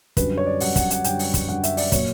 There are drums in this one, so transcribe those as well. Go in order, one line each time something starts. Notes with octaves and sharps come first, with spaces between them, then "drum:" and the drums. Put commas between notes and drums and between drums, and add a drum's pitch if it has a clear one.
F#2 D3 G3 B4, drum: kick, hi-hat
C#5
D5
F#2 D3 G3 F#5, drum: open hi-hat
F#5, drum: kick, hi-hat
F#5, drum: hi-hat
F#2 D3 G3 G5, drum: hi-hat
drum: open hi-hat
drum: kick, hi-hat
F#2 D3 G3 F#5
E5, drum: hi-hat
D5, drum: open hi-hat
A#2 F#3 A#3 C#5, drum: kick, hi-hat